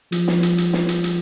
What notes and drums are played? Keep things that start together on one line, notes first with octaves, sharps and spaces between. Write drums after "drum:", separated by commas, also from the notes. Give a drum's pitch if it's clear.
F3, drum: hi-hat
drum: snare
drum: hi-hat
drum: hi-hat
drum: snare
drum: hi-hat
drum: hi-hat